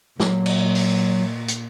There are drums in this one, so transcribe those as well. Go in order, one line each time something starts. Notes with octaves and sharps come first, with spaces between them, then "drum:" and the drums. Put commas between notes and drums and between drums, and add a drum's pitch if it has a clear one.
A#2 F#3, drum: snare
drum: cymbal
drum: open hi-hat
drum: hi-hat